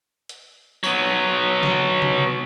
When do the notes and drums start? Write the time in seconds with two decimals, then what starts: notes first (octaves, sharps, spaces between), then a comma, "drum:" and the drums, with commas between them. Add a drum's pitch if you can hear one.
0.29 drum: hi-hat
0.84 F#3 B3, drum: tambourine
1.63 drum: snare
2.02 drum: tom C3